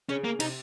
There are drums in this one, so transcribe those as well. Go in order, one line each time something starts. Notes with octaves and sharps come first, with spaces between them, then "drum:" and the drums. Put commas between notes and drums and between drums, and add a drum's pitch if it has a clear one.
C#3 C#4
A#3
C3 D#4, drum: cymbal